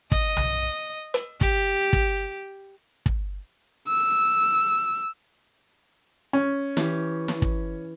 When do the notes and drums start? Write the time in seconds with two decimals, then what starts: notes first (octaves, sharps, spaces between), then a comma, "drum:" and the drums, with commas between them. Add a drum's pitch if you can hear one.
0.12 D#5, drum: kick
0.37 drum: tom B1
1.14 drum: hi-hat
1.41 G4, drum: kick
1.93 drum: kick
3.06 drum: kick
3.88 E6
6.33 C#4
6.77 E3 G4, drum: snare
7.28 drum: snare
7.42 drum: kick